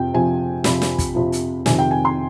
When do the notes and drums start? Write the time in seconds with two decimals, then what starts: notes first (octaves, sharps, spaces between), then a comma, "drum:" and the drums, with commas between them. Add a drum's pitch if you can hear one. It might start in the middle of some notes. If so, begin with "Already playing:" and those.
Already playing: F2 C3 F3 G5
0.14 F2 C3 F3 G#5
0.64 F2 C3 F3 B5, drum: snare
0.82 drum: snare
0.99 drum: kick, hi-hat
1.15 F2 C3 F3
1.32 drum: hi-hat
1.66 F2 C3 D#3 G#5, drum: snare
1.79 G5
1.91 G#5
2.05 C6